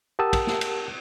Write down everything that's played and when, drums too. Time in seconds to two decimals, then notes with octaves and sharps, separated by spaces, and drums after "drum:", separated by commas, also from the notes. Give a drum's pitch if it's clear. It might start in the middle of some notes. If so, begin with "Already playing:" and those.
0.19 G4 A#4 F#5 A5 D#6 E6
0.33 drum: kick, cymbal
0.47 drum: snare
0.61 drum: cymbal